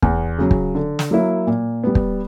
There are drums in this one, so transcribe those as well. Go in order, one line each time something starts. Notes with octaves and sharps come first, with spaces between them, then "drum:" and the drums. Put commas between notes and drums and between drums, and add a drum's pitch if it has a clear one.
E2, drum: kick
C#3 F#3
drum: kick
D3
drum: snare
F#3 A#3 E4
A#2
G3 B3
drum: kick